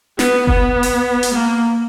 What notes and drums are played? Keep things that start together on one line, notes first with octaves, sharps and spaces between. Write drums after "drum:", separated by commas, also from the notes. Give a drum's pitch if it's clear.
B3, drum: snare
B3, drum: kick F#1
drum: open hi-hat
drum: hi-hat
A#3